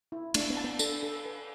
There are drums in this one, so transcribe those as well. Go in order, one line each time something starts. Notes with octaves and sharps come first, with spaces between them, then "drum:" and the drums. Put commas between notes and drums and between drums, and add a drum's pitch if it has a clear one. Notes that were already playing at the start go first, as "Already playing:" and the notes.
E4
A3 D4, drum: cymbal
B3
A5
B3
D4 A4, drum: tambourine
A4
B4